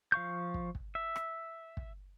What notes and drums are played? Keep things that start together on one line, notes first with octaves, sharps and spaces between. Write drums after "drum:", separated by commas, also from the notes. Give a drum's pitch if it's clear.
F3 F5 C#6 G6
drum: kick
drum: kick
E5
drum: rim click
drum: kick